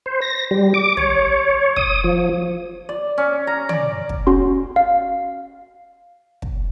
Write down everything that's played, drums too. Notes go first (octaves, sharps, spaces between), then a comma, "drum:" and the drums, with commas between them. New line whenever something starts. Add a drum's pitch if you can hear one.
C5
A#6
G3
D6
C#5, drum: tom
D#6, drum: kick
F3
D5
C#4
A#5
D5, drum: tom
drum: kick
C#4 F#4 C6
F5
drum: kick